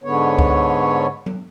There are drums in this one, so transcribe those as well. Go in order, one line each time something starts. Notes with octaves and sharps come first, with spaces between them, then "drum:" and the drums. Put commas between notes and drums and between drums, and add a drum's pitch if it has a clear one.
G#2 D3 B3 C#5
drum: kick C#2
drum: tom F#3